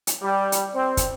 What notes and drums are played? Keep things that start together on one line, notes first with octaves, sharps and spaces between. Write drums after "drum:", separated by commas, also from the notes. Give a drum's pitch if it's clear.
drum: hi-hat
G3
drum: hi-hat
C4
drum: kick, hi-hat